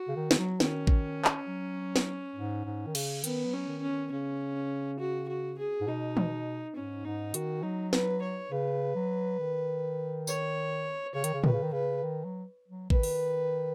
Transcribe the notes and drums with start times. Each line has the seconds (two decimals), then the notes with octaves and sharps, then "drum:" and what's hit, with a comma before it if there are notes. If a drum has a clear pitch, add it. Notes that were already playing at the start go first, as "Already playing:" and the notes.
Already playing: F#4
0.08 C#3
0.16 D#3
0.31 D#3, drum: snare
0.38 F#3
0.60 D#3 C#4, drum: snare
0.87 drum: kick A1
1.25 drum: clap
1.48 F#3
1.96 drum: snare
2.36 G#2
2.66 G#2
2.87 D#3
2.95 C#3, drum: cymbal
3.24 D#3 B3, drum: hi-hat
3.46 F#3
3.53 C#4
3.68 D#3
3.82 C#4
3.90 D#3
4.11 C#3 C#4
4.99 F#4
5.28 F#4
5.58 G#4
5.81 G#2
5.87 B2 D#4
6.17 drum: tom
6.75 G#2 C#4
7.05 G#2 D#4
7.34 D#3 F#4, drum: hi-hat
7.62 F#3 D#4
7.93 B4, drum: snare
8.22 C#5
8.51 C#3 B4
8.95 F#3
9.39 D#3
10.27 C#5, drum: tambourine
11.14 C#3 C#5
11.24 D#3, drum: hi-hat
11.34 C#3
11.44 D#3 B4, drum: tom
11.53 C#3
11.63 D#3
11.72 C#3 B4
12.03 D#3
12.25 F#3
12.68 F#3
12.90 D#3 B4, drum: kick A1
13.03 drum: open hi-hat